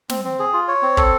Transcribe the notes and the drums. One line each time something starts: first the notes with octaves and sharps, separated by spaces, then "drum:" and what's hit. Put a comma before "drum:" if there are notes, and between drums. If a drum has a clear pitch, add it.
C4, drum: snare
C4
G#4
F4
C#5
C4
A4, drum: kick